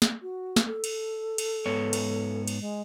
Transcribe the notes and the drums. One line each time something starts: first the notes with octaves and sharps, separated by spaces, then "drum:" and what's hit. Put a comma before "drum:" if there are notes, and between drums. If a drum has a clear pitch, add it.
drum: snare
F#4
drum: snare
A4
drum: cymbal
drum: cymbal
G#2 B3 C#5
drum: cymbal
drum: cymbal
G#3